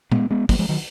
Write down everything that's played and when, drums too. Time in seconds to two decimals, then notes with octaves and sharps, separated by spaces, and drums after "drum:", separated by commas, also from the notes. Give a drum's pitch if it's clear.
0.12 G#3 B3, drum: tom
0.30 G#3 B3
0.49 F#3 A#3, drum: kick, open hi-hat
0.59 F3 G#3
0.69 D#3 F#3